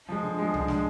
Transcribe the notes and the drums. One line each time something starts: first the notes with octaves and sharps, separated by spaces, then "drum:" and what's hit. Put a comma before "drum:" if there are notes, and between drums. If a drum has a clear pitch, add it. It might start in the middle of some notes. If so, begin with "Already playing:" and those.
F3 G#3
D3
F3 G#3
D3, drum: tom C2
F3 G#3, drum: snare